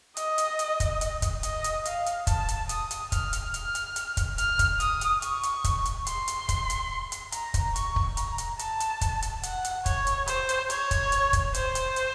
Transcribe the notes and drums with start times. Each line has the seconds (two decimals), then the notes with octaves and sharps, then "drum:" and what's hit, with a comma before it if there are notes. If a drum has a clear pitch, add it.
0.17 D#5, drum: hi-hat
0.38 drum: hi-hat
0.59 drum: hi-hat
0.80 drum: kick, hi-hat
1.01 drum: hi-hat
1.22 drum: kick, hi-hat
1.43 D#5, drum: hi-hat
1.64 drum: hi-hat
1.85 F5, drum: hi-hat
2.06 drum: hi-hat
2.27 A5, drum: kick, hi-hat
2.48 drum: hi-hat
2.69 D#6, drum: hi-hat
2.91 drum: hi-hat
3.12 F6, drum: kick, hi-hat
3.33 drum: hi-hat
3.54 F6, drum: hi-hat
3.75 drum: hi-hat
3.96 drum: hi-hat
4.17 drum: kick, hi-hat
4.38 F6, drum: hi-hat
4.59 drum: kick, hi-hat
4.80 D#6, drum: hi-hat
5.01 drum: hi-hat
5.22 C#6, drum: hi-hat
5.43 drum: hi-hat
5.64 drum: kick, hi-hat
5.85 drum: hi-hat
6.07 C6, drum: hi-hat
6.28 drum: hi-hat
6.49 drum: kick, hi-hat
6.70 drum: hi-hat
7.12 drum: hi-hat
7.32 A#5, drum: hi-hat
7.54 drum: kick, hi-hat
7.76 C#6, drum: hi-hat
7.96 drum: kick
8.17 A#5, drum: hi-hat
8.38 drum: hi-hat
8.59 A5, drum: hi-hat
8.80 drum: hi-hat
9.01 drum: kick, hi-hat
9.22 drum: hi-hat
9.43 F#5, drum: hi-hat
9.65 drum: hi-hat
9.86 C#5, drum: kick, hi-hat
10.07 drum: hi-hat
10.28 C5, drum: hi-hat
10.49 drum: hi-hat
10.70 C#5, drum: hi-hat
10.91 drum: kick, hi-hat
11.12 drum: hi-hat
11.33 drum: kick, hi-hat
11.54 C5, drum: hi-hat
11.75 drum: hi-hat
11.96 drum: hi-hat